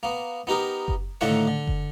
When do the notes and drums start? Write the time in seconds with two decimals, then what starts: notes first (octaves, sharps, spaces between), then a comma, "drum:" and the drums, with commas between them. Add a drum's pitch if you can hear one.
0.03 A#3 B3
0.47 B3 D#4 G4 A#4
0.88 drum: kick F#1
1.21 A2 D3 D#3 A#3 E5 F#5
1.48 D3
1.67 drum: kick F#1